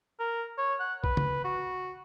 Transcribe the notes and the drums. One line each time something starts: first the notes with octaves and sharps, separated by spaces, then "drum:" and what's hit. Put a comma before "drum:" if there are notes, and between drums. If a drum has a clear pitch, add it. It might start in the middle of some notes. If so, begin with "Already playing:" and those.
A#4
C#5
F#5
B4, drum: kick A#1
drum: tom
F#4